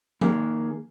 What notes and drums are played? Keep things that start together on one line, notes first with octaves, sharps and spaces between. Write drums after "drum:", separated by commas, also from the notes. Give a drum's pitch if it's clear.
D#3 A#3 G#4, drum: tom F3